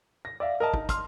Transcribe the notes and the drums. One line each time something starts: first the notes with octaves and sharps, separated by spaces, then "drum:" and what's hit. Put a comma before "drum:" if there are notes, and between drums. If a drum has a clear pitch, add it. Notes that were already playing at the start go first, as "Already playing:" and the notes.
A#6
D5 E5 F5
A#4 D#5 A5
D#4, drum: kick
C6 F6, drum: kick, hi-hat